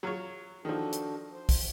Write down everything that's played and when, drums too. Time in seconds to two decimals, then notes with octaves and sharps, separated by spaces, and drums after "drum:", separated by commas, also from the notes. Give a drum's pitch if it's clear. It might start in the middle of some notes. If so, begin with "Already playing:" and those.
0.03 F#3 F4 C#5
0.65 D#3 F3 D4 F#4 A4
0.93 drum: hi-hat
1.33 C5
1.49 drum: kick, open hi-hat